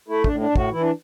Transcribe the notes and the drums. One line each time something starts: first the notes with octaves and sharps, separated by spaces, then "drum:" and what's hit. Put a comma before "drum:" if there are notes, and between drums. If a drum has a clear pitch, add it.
A3 E4
D4, drum: kick
A2
D4
A2
F#4, drum: kick
E3 E4
D4